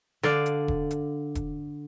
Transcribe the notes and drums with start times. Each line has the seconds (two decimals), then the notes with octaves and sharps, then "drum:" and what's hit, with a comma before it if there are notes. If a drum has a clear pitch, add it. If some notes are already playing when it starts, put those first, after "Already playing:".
0.23 D3 D5 F5, drum: snare
0.46 drum: hi-hat
0.68 drum: kick E1
0.91 drum: hi-hat
1.35 drum: kick E1, hi-hat